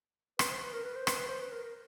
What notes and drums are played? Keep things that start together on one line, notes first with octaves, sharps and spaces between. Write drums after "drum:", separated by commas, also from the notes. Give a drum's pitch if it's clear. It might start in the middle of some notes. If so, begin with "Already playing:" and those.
B4, drum: rim click
C5
B4
A#4
B4
C5
B4, drum: rim click
B4
C5
B4
A#4
A#4